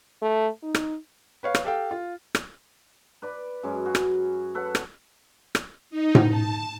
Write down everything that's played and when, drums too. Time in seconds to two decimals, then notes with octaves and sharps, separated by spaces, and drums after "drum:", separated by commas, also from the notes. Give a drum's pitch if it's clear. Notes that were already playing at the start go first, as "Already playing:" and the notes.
0.22 A3
0.63 D#4
0.75 drum: rim click
1.43 B4 C#5 F5
1.55 drum: rim click
1.64 G4 A4 F5 G5
1.91 F4
2.35 drum: rim click
3.22 B4 D5 B5
3.63 F#2 G#3 C#4
3.85 F#4 G#4
3.95 drum: rim click
4.55 A4 B4 C#5 F#5
4.75 drum: rim click
5.55 drum: rim click
5.90 D#4
6.15 drum: tom A2
6.29 A5